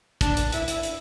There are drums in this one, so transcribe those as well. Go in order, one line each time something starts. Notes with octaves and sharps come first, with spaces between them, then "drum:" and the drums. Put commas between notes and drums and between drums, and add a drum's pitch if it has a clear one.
D4, drum: kick, hi-hat
drum: hi-hat
E4, drum: hi-hat
drum: hi-hat
drum: hi-hat